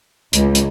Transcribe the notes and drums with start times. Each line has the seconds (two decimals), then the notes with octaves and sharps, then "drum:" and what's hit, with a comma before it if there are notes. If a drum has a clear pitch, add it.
0.33 C#2, drum: hi-hat
0.55 drum: hi-hat